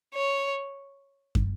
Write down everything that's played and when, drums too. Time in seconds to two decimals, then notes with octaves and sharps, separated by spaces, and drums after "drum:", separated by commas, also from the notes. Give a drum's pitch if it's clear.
0.15 C#5
1.35 drum: kick